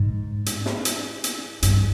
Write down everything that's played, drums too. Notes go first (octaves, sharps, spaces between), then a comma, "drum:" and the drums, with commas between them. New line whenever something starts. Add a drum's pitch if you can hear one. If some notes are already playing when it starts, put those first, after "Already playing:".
Already playing: G#2
drum: hi-hat
drum: snare
drum: hi-hat
drum: hi-hat
G2, drum: hi-hat